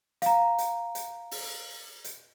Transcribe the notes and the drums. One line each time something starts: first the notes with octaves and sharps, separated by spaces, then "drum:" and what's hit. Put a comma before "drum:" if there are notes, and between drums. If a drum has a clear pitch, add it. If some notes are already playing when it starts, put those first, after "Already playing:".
F5 A#5, drum: hi-hat
drum: hi-hat
drum: hi-hat
drum: open hi-hat
drum: hi-hat